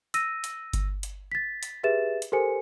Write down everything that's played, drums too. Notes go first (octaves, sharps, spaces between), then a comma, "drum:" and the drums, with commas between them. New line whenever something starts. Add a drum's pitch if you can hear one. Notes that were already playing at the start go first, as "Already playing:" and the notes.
E6 A#6 D#7, drum: hi-hat
drum: hi-hat
drum: kick G1, hi-hat
drum: hi-hat
A6 B6
drum: hi-hat
G4 G#4 B4 E5 A6 E7
drum: hi-hat
G4 A4 A#4 C5 G#5 C#7